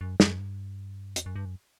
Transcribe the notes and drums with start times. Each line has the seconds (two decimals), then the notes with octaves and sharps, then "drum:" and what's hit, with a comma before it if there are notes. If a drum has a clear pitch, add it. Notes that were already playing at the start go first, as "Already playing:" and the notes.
0.01 F#2
0.20 F#2, drum: snare
0.39 G2
1.16 E2, drum: hi-hat
1.26 F#2
1.36 G2
1.45 F#2